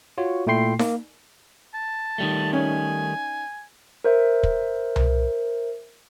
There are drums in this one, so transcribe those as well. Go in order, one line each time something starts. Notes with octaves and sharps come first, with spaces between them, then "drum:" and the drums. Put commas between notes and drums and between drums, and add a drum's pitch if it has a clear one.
F4 F#4 C#5
A#2 A3 E4 G5 C6 C7
A#3, drum: snare D#4
A5
D#3 G3 A3
C#4 D#4 C#5 G#5
A#4 C5 E5
drum: kick
drum: tom C2